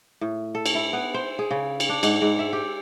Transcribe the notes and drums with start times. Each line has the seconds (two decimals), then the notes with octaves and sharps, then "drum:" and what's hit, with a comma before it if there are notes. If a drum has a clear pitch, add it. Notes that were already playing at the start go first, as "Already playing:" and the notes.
0.21 A2
0.55 A4
0.66 drum: cymbal
0.75 E4
0.93 B3
1.14 C5
1.39 G#4
1.51 C#3
1.80 drum: cymbal
1.89 D4
2.03 G#2, drum: cymbal
2.22 G#2
2.39 E5
2.53 G4